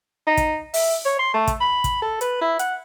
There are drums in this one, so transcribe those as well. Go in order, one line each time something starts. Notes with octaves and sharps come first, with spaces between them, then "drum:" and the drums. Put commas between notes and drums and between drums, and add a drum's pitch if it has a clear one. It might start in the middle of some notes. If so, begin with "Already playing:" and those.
D#4
drum: kick, hi-hat
E5, drum: open hi-hat
C#5
C6
A3
drum: kick, hi-hat
B5
drum: kick, hi-hat
A4
B4, drum: hi-hat
E4
F#5, drum: hi-hat